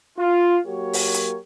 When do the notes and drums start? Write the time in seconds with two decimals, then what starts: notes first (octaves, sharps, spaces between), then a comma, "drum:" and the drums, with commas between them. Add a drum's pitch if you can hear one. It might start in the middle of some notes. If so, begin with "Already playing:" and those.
0.18 F4
0.67 F#3 A#3 F#4 G4 A#4 C#5
0.93 drum: open hi-hat
1.14 drum: hi-hat